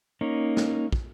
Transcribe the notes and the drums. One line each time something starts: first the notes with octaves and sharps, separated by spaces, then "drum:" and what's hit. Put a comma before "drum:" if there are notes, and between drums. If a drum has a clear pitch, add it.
A#3 C#4 D#4
drum: snare
drum: kick